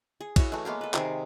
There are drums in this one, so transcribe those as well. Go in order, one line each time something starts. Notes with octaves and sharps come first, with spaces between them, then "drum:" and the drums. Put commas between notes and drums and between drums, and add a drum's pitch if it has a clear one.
G#4
E4 F#4 C#5, drum: kick, cymbal
E3 A3
G#3 A#3 B3 F5
A4 B4
C3 D#3 G#4 G#5, drum: clap